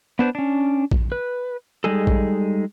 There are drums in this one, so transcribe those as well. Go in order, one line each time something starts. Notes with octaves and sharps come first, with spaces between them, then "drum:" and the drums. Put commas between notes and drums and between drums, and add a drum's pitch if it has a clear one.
B3 D4 B4 C5
C#4 D4
drum: kick A#1
B4
G3 G#3 D#4 G#4 A4
drum: kick A#1